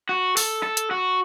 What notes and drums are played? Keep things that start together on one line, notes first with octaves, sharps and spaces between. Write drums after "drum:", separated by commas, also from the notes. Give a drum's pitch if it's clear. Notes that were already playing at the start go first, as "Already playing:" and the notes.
F#4
A4, drum: open hi-hat
A4
drum: hi-hat
F#4